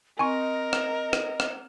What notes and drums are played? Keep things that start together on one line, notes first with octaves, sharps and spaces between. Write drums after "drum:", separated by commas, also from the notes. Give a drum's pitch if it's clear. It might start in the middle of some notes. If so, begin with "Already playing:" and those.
C4 A#4 D#5 G#5 C#6
drum: rim click
drum: rim click
drum: rim click